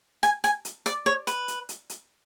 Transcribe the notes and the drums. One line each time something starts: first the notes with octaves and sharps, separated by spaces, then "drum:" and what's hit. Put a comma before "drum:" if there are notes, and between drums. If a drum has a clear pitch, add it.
G#5, drum: hi-hat
G#5, drum: hi-hat
drum: hi-hat
D5, drum: hi-hat
C#5
B4, drum: hi-hat
drum: hi-hat
drum: hi-hat
drum: hi-hat